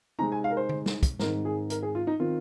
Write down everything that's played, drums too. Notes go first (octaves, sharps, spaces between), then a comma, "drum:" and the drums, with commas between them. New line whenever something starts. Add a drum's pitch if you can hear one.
C3 G#3 C4 D#4 A#5
G#5
F5
A#4
C5
drum: tom D3
drum: snare
drum: kick, hi-hat
G#2 D#3 C4 D#4 A#4, drum: snare
G#4
A#4, drum: hi-hat
G#4
F4
D#4
D#3 C4 F4